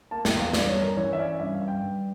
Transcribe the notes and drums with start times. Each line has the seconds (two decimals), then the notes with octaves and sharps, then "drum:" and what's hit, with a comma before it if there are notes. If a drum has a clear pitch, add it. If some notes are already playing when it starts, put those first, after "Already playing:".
0.11 A#3 A5
0.25 G5, drum: snare
0.32 E2
0.40 F5
0.53 G2 D5, drum: snare
0.69 C#5
0.75 C#4
0.82 A#4
0.97 E3 C#5
1.13 E5
1.18 C#4 D5
1.40 G2 E5
1.54 F5
1.61 G2
1.68 G5
1.82 G2